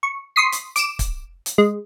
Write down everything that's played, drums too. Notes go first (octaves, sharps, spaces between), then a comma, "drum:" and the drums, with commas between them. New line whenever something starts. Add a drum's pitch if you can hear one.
C#6
C6 C#6 D#6 B6 C7
drum: hi-hat
D6 D7 E7, drum: hi-hat
drum: kick, hi-hat
drum: hi-hat
G#3